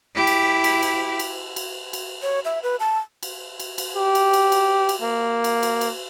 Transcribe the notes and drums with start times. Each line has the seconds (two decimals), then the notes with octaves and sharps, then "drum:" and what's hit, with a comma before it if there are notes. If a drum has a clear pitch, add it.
0.15 E4 G4
0.27 drum: cymbal
0.64 drum: cymbal
0.82 drum: cymbal
1.19 drum: cymbal
1.56 drum: cymbal
1.93 drum: cymbal
2.22 C#5
2.45 E5
2.63 B4
2.80 A5
3.23 drum: cymbal
3.60 drum: cymbal
3.78 drum: cymbal
3.96 G4
4.15 drum: cymbal
4.33 drum: cymbal
4.52 drum: cymbal
4.89 drum: cymbal
5.02 A#3
5.44 drum: cymbal
5.63 drum: cymbal
5.81 drum: cymbal